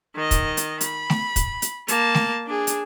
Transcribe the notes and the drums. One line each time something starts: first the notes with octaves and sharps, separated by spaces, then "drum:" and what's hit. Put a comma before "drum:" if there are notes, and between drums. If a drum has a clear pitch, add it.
D#3 D#5
drum: kick, hi-hat
drum: hi-hat
B5, drum: hi-hat
drum: snare A3
drum: kick, hi-hat
drum: hi-hat
A#3 A5, drum: hi-hat
drum: snare A3
D4 G#4
drum: hi-hat